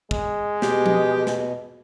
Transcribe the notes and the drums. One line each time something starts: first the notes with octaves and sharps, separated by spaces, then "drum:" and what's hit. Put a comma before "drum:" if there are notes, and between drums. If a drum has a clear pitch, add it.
G#3, drum: kick
B2 G4, drum: snare
drum: tom F3
drum: snare